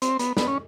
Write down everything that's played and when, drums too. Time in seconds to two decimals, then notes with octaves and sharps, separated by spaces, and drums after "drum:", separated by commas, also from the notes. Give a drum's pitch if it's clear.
0.02 C4, drum: hi-hat
0.19 B3, drum: hi-hat
0.37 B3, drum: snare
0.48 C#4